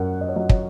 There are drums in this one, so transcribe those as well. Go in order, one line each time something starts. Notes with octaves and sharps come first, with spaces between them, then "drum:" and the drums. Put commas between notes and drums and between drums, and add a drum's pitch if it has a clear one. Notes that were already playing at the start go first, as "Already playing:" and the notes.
Already playing: F#2 C#4 F#5
D#5
C#5
F#3 D#5
C#5, drum: kick